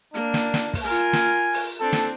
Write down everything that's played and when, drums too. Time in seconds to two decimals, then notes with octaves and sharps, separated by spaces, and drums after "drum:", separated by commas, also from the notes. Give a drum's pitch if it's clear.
0.14 A#3 D4, drum: hi-hat
0.34 drum: snare
0.54 drum: snare
0.74 drum: kick, open hi-hat
0.84 F4 A#4 G#5
0.93 drum: hi-hat
1.13 drum: snare
1.53 drum: open hi-hat
1.80 C4 D4 A4
1.93 drum: snare